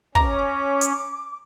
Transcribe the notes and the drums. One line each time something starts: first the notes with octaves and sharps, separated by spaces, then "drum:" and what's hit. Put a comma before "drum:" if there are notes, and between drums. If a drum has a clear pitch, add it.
C#4 A#5 D6, drum: kick
drum: hi-hat